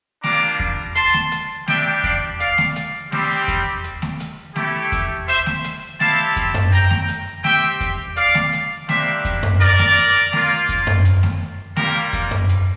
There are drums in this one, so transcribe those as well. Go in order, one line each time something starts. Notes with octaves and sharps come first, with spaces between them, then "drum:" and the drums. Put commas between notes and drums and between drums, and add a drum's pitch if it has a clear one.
G3 A#3 D4 F4 A#5 D6, drum: snare A3
drum: kick E2
A5 C6, drum: hi-hat
drum: snare A3
drum: hi-hat
G3 D4 G4 E5 G5, drum: snare A3
D5 F5, drum: kick E2, hi-hat
D5 F5, drum: hi-hat
drum: snare A3
drum: hi-hat
G3 C4 G4, drum: snare A3
drum: kick E2, hi-hat
drum: hi-hat
drum: snare A3
drum: hi-hat
A3 E4 G4, drum: snare A3
drum: kick E2, hi-hat
C5 E5, drum: hi-hat
drum: snare A3
drum: hi-hat
C4 E4 G4 F5 A5, drum: snare A3
drum: kick E2, hi-hat
drum: tom F#2
G5 A#5, drum: hi-hat
drum: snare A3
drum: hi-hat
C4 G4 E5 G5, drum: snare A3
drum: kick E2, hi-hat
D5 F5, drum: hi-hat
drum: snare A3
drum: hi-hat
G3 A#3 D4 G4 C5 E5, drum: snare A3
drum: kick E2, hi-hat
drum: tom F#2
A#4 D5, drum: hi-hat
drum: snare A3
A#3 F4, drum: snare A3
drum: kick E2, hi-hat
drum: tom F#2
drum: hi-hat
drum: snare A3
G3 A#3 F4 G4 A#4, drum: snare A3
drum: kick E2, hi-hat
drum: tom F#2
drum: hi-hat